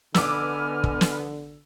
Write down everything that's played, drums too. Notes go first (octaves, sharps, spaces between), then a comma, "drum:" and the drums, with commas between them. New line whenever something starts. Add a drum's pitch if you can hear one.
D3 B3 D#5 G#5 D6 E6 F6, drum: snare
drum: kick
drum: snare